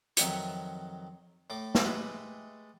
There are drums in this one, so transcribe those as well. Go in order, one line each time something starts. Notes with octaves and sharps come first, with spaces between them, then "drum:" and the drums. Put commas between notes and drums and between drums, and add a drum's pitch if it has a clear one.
F2 D#3 F#3 E5 C#6, drum: hi-hat
A2 A3 D6
drum: snare
G#3 A3 G4 B4 E5